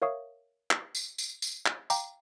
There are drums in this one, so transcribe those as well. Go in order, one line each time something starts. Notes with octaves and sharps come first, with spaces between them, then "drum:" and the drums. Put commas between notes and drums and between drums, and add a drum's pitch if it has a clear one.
A#4 C#5 E5 F5 C#6 D#6
drum: clap
drum: tambourine
drum: tambourine
drum: tambourine
drum: clap
F5 G5 A#5 D6, drum: tambourine